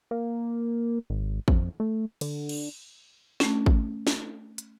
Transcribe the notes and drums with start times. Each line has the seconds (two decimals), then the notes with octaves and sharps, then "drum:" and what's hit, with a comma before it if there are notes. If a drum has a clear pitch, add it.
0.11 A#3
1.10 G#1
1.48 F2, drum: kick
1.80 A3
2.21 D3, drum: cymbal
2.49 drum: cymbal
3.40 A3 C#4, drum: snare
3.66 drum: kick
4.07 drum: snare
4.58 drum: hi-hat